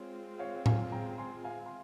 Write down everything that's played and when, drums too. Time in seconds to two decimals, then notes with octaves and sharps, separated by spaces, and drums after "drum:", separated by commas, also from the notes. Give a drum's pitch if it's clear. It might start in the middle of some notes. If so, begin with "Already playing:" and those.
Already playing: G#3 C4 F4 C#5
0.39 C#5 F5
0.66 F5 G#5, drum: tom A2
0.92 G5 A#5
1.18 G#5 C6
1.44 F5 G#5
1.66 C6